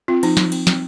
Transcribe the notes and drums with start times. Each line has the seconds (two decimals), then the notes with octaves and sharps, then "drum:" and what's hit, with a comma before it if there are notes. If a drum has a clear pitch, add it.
0.08 C4 F4
0.23 F3 D#4, drum: cymbal
0.37 F3, drum: snare
0.52 C4, drum: cymbal
0.67 C4, drum: snare